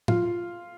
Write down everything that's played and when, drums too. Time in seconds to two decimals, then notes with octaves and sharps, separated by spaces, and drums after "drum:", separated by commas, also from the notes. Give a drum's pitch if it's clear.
0.08 F4, drum: tom